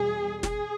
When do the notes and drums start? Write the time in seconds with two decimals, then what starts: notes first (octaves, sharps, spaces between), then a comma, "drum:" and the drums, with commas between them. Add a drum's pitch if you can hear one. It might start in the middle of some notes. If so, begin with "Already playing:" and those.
Already playing: E2 B2 G3 G#4
0.43 G#4, drum: snare